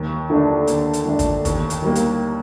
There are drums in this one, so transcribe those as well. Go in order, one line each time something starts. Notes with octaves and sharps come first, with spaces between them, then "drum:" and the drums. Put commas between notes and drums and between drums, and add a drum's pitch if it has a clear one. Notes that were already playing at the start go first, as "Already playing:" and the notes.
Already playing: D#2
D3 A3 D4
D#2, drum: hi-hat
drum: hi-hat
D3 A3 D4
drum: kick, hi-hat
D#2, drum: kick, hi-hat
drum: hi-hat
D#3 G3 A#3
drum: hi-hat